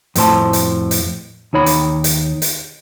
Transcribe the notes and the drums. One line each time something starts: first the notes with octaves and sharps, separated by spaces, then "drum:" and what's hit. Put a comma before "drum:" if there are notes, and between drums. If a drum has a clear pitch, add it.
F2 A2 C5 A5, drum: hi-hat
drum: hi-hat
drum: hi-hat
D#2 D#4 C#5 B5
drum: hi-hat
drum: hi-hat
drum: hi-hat